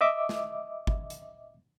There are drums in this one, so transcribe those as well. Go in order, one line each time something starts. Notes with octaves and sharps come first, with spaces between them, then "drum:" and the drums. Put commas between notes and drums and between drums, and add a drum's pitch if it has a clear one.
D#5 E5 D6
drum: snare
drum: kick G1
drum: hi-hat